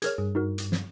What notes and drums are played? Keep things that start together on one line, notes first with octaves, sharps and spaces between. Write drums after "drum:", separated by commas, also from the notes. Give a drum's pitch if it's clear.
G#4 A#4 C#5 F6 G#6, drum: hi-hat
G2 G#4
D#4 F#4 A#4
drum: hi-hat
drum: snare